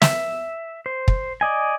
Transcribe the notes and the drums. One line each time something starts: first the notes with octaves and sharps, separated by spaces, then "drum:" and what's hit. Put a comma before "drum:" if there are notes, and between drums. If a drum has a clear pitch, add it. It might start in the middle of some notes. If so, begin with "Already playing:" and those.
E5, drum: snare
C5
drum: kick
D5 D#5 G#5